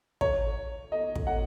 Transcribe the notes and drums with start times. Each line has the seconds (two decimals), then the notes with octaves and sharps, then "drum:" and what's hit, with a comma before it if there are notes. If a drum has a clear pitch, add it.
0.21 C#5, drum: kick
0.92 D#5
1.16 drum: kick
1.27 F#5